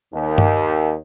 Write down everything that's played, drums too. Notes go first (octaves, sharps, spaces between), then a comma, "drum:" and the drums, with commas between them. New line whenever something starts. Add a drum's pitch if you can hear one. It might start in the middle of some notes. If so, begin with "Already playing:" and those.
D#2
drum: tom G2